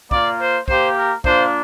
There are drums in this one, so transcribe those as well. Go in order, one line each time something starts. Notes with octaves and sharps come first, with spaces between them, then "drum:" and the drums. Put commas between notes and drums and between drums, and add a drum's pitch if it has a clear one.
A#3 F4 D5, drum: kick
C5
A#3 G4 C5, drum: kick
A#4
A#3 D4 F4 C5, drum: kick